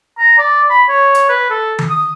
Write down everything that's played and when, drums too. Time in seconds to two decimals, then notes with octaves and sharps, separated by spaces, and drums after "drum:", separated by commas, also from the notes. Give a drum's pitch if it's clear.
0.18 A#5
0.38 D5
0.70 B5
0.89 C#5
1.15 drum: hi-hat
1.29 B4
1.50 A4
1.79 drum: tom D#3
1.90 D#6